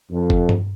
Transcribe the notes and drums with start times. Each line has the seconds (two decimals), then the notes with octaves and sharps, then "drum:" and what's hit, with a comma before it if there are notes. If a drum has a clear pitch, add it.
0.11 F2
0.30 drum: kick F#1
0.49 drum: tom G2